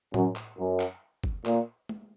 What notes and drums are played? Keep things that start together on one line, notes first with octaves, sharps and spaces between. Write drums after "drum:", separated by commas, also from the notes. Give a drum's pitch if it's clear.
F#2, drum: tom A2
drum: clap
F#2
drum: clap
drum: kick
A#2, drum: clap
drum: tom G#3